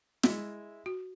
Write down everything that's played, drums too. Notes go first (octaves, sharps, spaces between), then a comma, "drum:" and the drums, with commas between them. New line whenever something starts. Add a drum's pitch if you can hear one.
G#3 E4 E5, drum: snare
F#4